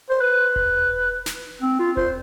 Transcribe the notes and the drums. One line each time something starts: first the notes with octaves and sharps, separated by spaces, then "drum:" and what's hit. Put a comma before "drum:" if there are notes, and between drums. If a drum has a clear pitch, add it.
C5
B4
drum: kick E1
drum: snare
C4
F4
C5, drum: kick E1